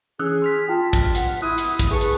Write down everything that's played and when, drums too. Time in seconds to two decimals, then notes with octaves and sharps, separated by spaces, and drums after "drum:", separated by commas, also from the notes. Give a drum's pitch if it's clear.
0.19 E3 C#4 G#4 D#6 E6 F#6
0.42 C6 F6 B6
0.68 F4 G5 A5
0.93 drum: kick, hi-hat
1.15 F#5, drum: hi-hat
1.42 E4 D#6 F#6
1.58 drum: hi-hat
1.79 drum: kick, hi-hat
1.91 G#4 B4 A5 C#6
2.01 drum: hi-hat